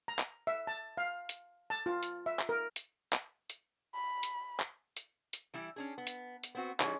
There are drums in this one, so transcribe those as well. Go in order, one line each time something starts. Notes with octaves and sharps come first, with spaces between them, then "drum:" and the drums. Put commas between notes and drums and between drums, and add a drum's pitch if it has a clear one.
A#5
drum: clap
E5
A5
F5
drum: hi-hat
A5
F4
drum: hi-hat
E5
drum: clap
A#4
drum: hi-hat
drum: clap
drum: hi-hat
B5
drum: hi-hat
drum: clap
drum: hi-hat
drum: hi-hat
E3 G3 E4
C#4 D4 G#4
B3
drum: hi-hat
drum: hi-hat
B3 C4 F#4
E3 G3 G#3 C#4 D#4, drum: clap